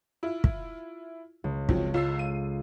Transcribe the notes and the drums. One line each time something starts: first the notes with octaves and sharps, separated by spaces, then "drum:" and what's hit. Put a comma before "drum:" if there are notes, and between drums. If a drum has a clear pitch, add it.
E4 F4
drum: kick
C#2
F3 F#3 C4, drum: kick
C#2 F4 A4 E6 C7
D#7